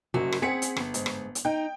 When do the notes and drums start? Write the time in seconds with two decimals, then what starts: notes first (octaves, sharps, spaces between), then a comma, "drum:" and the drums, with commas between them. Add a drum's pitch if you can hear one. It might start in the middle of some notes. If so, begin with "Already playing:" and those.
0.14 F#1 F#2 F#4
0.32 drum: rim click
0.42 C4 G#4 F#5 B6 C#7
0.62 drum: hi-hat
0.77 G1, drum: rim click
0.94 G#2, drum: hi-hat
1.06 drum: rim click
1.35 drum: hi-hat
1.45 D#4 G5